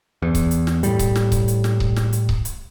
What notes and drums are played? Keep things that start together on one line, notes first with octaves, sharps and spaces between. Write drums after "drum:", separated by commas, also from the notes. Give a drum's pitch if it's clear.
E2
drum: kick C#1, hi-hat
drum: hi-hat
drum: snare
A2 G3, drum: hi-hat
drum: kick C#1, hi-hat
drum: snare
drum: kick C#1, hi-hat
drum: hi-hat
drum: snare
drum: kick C#1
drum: snare
drum: hi-hat
drum: kick C#1
drum: hi-hat